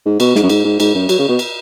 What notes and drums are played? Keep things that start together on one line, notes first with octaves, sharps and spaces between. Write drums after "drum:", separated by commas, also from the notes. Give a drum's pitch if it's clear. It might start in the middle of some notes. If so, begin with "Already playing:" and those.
G#2
B2, drum: cymbal
G#2, drum: snare
F#2
G#2, drum: cymbal
G#2
G#2, drum: cymbal
F#2
F#3, drum: cymbal
C#3
B2
drum: cymbal